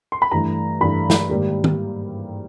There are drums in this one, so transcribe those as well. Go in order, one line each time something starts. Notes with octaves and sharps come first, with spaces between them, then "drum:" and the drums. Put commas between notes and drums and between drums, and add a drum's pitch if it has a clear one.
C6
B5
G2 E3 A3 A#5
G2 E3 A3 B5
drum: snare
G#2 D#3 G3 A#3
drum: tom D#3